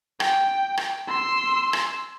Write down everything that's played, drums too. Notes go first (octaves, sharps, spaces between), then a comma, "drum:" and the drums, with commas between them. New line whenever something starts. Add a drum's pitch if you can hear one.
G5, drum: rim click
drum: rim click
C6 E6
drum: rim click